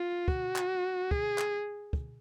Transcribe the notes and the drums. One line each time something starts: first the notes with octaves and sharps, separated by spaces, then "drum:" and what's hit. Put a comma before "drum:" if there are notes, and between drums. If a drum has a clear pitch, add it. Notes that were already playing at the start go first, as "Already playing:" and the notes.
Already playing: F4
F#4, drum: kick
drum: clap
G#4, drum: kick
drum: clap
drum: kick